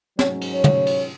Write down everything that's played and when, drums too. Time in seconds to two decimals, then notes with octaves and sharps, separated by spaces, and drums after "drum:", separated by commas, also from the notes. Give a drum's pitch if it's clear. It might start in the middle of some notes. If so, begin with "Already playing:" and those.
0.19 G#2 F#3 C#4 C#5, drum: snare
0.41 drum: cymbal
0.53 C#5
0.64 drum: tom
0.87 drum: cymbal